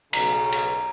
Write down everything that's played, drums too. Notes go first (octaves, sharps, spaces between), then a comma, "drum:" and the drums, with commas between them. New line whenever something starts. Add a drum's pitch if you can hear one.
B1 C#3 A#5, drum: cymbal
drum: cymbal